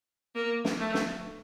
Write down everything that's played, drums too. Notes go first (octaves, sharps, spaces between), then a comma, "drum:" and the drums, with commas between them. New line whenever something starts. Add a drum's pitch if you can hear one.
A#3
drum: snare
A3
drum: snare